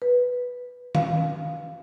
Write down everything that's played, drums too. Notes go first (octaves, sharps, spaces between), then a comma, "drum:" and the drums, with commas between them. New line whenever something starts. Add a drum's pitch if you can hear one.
B4
F5, drum: tom D#3